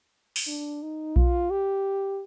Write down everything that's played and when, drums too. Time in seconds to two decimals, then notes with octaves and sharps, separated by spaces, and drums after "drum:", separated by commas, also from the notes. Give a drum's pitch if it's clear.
0.36 drum: open hi-hat
0.47 D4
0.83 D#4
1.16 F4, drum: kick B1
1.51 G4